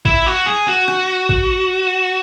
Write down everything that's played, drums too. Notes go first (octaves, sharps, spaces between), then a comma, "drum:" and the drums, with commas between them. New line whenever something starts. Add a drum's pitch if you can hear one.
E4, drum: kick G#1
F#4
G#4
F#4
drum: rim click
drum: kick G#1